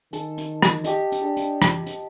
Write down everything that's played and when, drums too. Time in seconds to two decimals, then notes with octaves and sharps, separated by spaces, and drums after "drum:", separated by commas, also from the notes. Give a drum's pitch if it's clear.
0.13 D#3 A4, drum: hi-hat
0.38 drum: hi-hat
0.62 drum: rim click
0.84 G4 A4 D#5, drum: hi-hat
1.12 drum: hi-hat
1.22 D4 A4
1.37 drum: hi-hat
1.62 drum: rim click
1.86 drum: hi-hat